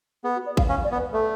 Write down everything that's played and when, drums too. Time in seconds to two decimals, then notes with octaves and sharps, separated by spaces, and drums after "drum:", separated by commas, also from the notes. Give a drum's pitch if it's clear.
0.23 B3 G#4
0.36 F#4
0.46 D5
0.57 F5, drum: kick A1
0.68 C#4 F5
0.84 D5
0.91 B3
0.98 B4
1.13 A3 A4